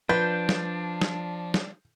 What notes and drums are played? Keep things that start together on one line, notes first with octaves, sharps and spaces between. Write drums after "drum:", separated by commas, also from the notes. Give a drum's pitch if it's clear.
F3 D4 B4 G6
drum: snare
drum: snare
drum: snare